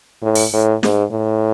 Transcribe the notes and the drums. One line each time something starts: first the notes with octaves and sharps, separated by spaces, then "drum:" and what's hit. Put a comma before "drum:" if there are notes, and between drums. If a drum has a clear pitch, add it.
A2
drum: open hi-hat
A2
G#2, drum: snare
A2